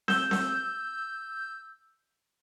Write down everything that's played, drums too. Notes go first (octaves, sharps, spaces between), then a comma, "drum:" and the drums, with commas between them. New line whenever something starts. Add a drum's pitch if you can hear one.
E6 G6, drum: snare C4
drum: snare C4